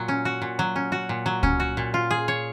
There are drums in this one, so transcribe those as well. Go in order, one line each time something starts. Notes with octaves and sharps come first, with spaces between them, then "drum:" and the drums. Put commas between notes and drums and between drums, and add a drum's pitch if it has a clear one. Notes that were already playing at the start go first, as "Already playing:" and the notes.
Already playing: A#2 F#3
C#4
F#4
A#2
F#3
C#4
F#4
A#2
F#3
C#4, drum: kick C#2
F#4
A#2
F4
G#4
C#5